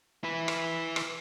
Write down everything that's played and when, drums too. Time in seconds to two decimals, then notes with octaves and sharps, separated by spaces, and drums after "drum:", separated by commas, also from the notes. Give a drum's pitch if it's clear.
0.24 E4 B4
0.48 drum: rim click
0.96 drum: rim click